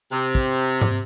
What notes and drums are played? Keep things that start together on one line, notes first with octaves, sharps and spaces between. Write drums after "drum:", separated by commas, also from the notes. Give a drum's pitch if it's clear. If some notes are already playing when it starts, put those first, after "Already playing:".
C3
drum: kick
drum: tom G#2